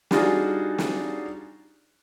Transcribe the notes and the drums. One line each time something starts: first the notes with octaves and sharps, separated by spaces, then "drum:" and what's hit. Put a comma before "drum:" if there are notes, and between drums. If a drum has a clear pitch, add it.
G3 D4 D#4 F4 F#4 G#4, drum: snare
drum: snare